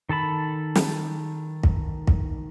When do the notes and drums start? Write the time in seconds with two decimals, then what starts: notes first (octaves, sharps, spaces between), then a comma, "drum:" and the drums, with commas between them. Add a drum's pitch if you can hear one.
0.09 D#3 A4 A5 B5
0.75 drum: snare
1.63 drum: kick
2.07 drum: kick